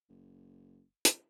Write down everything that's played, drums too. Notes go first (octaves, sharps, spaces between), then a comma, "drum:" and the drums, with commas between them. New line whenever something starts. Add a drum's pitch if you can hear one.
F#1
drum: hi-hat